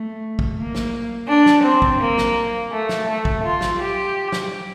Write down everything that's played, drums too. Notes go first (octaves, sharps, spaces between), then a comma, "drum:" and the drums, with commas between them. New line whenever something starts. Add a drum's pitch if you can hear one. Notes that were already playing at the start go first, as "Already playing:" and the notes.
Already playing: A3
drum: kick
A#3
drum: snare
D4
drum: snare
C4
drum: kick
A#3
drum: snare
A3
drum: snare
A3
drum: kick
F4
drum: snare
G4
drum: snare